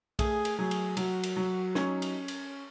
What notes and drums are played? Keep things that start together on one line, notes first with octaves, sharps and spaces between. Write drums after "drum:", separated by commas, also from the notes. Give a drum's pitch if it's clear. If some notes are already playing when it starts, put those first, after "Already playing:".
A3 G#4, drum: kick, cymbal
drum: cymbal
F#3 G#4
drum: cymbal
F#3 F#4, drum: cymbal
drum: cymbal
F#3
C#4 D#4, drum: snare
drum: cymbal
drum: cymbal